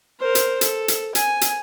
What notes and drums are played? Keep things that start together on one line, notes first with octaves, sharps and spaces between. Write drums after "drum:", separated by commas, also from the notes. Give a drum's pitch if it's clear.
A#4 C5
drum: hi-hat
A4, drum: hi-hat
drum: hi-hat
G#5, drum: hi-hat
drum: hi-hat